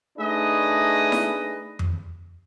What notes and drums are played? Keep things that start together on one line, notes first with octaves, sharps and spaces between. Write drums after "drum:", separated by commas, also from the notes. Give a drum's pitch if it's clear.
A3 D4 D#4 G#4 B4 D#5
drum: snare E4
drum: tom F2